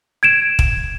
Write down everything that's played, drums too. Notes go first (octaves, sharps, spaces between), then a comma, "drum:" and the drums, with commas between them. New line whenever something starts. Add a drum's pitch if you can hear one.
G#6 D7 E7
drum: kick